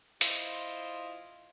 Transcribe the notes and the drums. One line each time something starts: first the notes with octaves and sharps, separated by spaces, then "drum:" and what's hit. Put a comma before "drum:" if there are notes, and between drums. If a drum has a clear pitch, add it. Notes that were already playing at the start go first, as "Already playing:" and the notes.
E4 F4 C5 D#5, drum: hi-hat